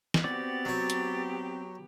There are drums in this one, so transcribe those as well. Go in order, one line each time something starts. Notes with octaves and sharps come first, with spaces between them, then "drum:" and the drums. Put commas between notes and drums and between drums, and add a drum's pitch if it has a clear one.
drum: snare
B3 C4 F#4 G4 D5 A6
F#3 C#5
drum: hi-hat